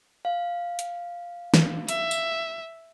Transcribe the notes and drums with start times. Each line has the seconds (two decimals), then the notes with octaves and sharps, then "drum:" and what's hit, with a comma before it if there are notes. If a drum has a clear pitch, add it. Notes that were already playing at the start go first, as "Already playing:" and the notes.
0.25 F5
0.79 drum: hi-hat
1.54 drum: snare
1.89 E5, drum: hi-hat
2.11 drum: tambourine